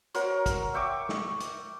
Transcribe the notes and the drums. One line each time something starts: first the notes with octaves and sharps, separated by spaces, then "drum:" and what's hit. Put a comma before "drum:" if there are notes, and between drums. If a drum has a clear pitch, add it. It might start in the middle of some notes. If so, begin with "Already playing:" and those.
F#4 A#4 C5 C#5, drum: hi-hat
drum: kick, hi-hat
E5 G5 C#6 D6
drum: snare
drum: hi-hat